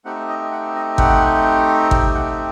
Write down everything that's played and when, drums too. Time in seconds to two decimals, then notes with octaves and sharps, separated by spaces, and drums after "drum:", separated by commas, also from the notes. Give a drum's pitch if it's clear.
0.05 A3 C4 D#4 G4 F#5
0.28 D#5
0.52 F#5
0.75 D#5
0.98 F#5, drum: kick
1.91 G5, drum: kick
2.14 F#5